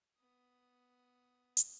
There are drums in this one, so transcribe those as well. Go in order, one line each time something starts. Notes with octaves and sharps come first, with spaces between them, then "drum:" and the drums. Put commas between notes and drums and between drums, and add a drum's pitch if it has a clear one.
B3 D#6
drum: hi-hat